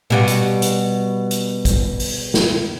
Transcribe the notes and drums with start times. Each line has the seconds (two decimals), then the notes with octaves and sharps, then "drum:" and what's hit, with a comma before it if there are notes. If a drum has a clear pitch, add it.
0.10 B2 G3 F#4
0.28 drum: hi-hat
0.62 drum: hi-hat
1.31 drum: hi-hat
1.65 drum: kick, hi-hat
2.00 drum: open hi-hat
2.34 drum: snare